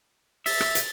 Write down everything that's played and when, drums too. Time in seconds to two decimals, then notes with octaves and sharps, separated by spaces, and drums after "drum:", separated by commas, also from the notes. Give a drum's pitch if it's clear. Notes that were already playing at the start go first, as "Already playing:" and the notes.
0.46 E5 A6 B6, drum: open hi-hat
0.60 drum: rim click
0.75 drum: hi-hat